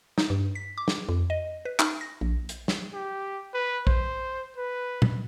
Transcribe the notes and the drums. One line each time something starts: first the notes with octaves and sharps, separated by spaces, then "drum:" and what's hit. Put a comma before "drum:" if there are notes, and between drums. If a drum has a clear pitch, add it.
D#4, drum: snare
G2
B6
D6
drum: snare
F2
D#5
B4
D#4, drum: clap
A#6
A#1
drum: hi-hat
drum: snare
G4
B4
C5, drum: kick
B4
drum: tom